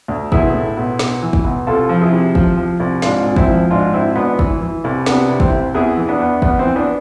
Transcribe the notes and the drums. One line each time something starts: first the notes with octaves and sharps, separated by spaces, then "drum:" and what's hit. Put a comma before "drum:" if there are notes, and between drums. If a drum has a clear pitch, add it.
D2
B1 E4 G#4, drum: kick
A2
B1
B1, drum: snare
E3
drum: kick
B1
C2 F4 A4
F3
E4 G#4
C3
F3, drum: kick
F3
C2
G#2 D4 F4, drum: snare
G#1
C4 E4, drum: kick
F3
G#2 D4 F4
G#1 C4 E4
G#1 B3 D4
E3, drum: kick
E3
C2
C3 B3 D4, drum: snare
C3
C4 E4, drum: kick
C2
E2 E4 G#4
E3
B3 D4
E2
E2 B3, drum: kick
C4
E3
B3 D4